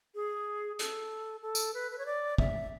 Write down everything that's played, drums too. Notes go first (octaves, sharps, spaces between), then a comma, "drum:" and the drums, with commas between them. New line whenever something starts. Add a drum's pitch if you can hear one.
G#4
A4, drum: hi-hat
A4
drum: tambourine
B4
B4
C#5
D5
E5, drum: kick